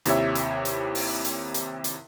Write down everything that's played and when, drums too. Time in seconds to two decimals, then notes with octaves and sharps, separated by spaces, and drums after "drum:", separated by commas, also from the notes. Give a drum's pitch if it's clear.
0.05 D#2 C3 E4 G4 C#5 E5, drum: hi-hat
0.35 drum: hi-hat
0.65 drum: hi-hat
0.95 drum: open hi-hat
1.25 drum: hi-hat
1.54 drum: hi-hat
1.84 drum: hi-hat